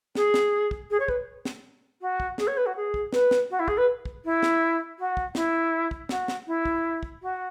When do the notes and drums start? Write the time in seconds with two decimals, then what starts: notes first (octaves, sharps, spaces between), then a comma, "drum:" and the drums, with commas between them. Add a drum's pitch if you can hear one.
0.15 G#4, drum: snare
0.34 drum: snare
0.71 drum: kick
0.90 G#4
1.00 C#5
1.08 B4, drum: kick
1.45 drum: snare
2.01 F#4
2.20 drum: kick
2.38 G#4, drum: snare
2.47 C#5
2.57 B4
2.66 F#4
2.76 G#4
2.94 drum: kick
3.13 B4, drum: snare
3.31 drum: snare
3.50 F#4
3.59 E4
3.68 G#4, drum: kick
3.77 B4
4.05 drum: kick
4.25 E4
4.43 drum: snare
4.99 F#4
5.17 drum: kick
5.35 E4, drum: snare
5.91 drum: kick
6.09 F#4, drum: snare
6.28 drum: snare
6.47 E4
6.65 drum: kick
7.03 drum: kick
7.22 F#4